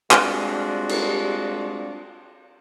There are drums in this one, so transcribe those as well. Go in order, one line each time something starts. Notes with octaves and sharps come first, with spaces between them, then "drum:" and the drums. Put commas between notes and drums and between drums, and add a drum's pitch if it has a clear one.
G3 G#3 C4 D4 F4 F#4, drum: clap
drum: cymbal